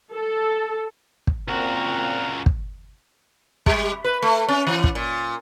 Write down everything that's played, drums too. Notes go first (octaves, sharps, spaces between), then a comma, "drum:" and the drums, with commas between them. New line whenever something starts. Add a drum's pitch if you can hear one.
A4
drum: kick
C#2 A#2 C4 F#4 A#4
drum: kick
G3, drum: kick
B4
A3
C#4
E3
drum: kick
A#2